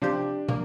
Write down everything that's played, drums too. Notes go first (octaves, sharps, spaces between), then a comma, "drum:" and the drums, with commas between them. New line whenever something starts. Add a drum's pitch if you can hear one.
C3 F3 C4 D4 G4
A#3, drum: tom